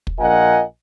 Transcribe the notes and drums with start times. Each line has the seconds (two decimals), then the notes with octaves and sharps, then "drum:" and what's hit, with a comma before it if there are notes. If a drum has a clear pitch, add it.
0.07 drum: kick
0.20 A#1 F4 A#4 D#5 F#5 G#5